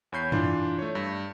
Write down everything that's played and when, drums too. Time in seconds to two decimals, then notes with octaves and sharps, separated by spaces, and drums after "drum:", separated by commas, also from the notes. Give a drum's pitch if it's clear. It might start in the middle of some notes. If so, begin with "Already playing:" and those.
0.12 E2 C#5 B5 G6 C7
0.32 E3 D4 F4, drum: tom F#2
0.78 A3 C#5
0.95 G2